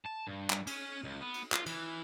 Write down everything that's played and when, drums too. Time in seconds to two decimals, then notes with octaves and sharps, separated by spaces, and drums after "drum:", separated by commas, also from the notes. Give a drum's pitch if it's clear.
0.05 A5
0.27 G2
0.50 drum: clap
0.67 C#4, drum: cymbal
1.04 C#2
1.21 B3
1.34 drum: cymbal
1.52 F4, drum: clap
1.66 E3, drum: cymbal